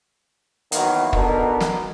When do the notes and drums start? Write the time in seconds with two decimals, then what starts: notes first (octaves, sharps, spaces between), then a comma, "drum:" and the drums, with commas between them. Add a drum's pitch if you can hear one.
0.72 D#3 E3 F#3 A#3 B3 E4, drum: hi-hat
1.13 B2 B3 D4 D#4 A4 A#4, drum: kick
1.61 drum: snare